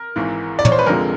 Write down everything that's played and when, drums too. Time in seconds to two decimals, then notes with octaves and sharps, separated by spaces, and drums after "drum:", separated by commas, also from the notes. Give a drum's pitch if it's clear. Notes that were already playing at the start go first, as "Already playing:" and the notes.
Already playing: A#4
0.16 G#1 G#2 E3
0.59 D5
0.65 C#5, drum: tom
0.72 C5
0.79 B4
0.86 F1 F2 D3 F3 G#3 A#4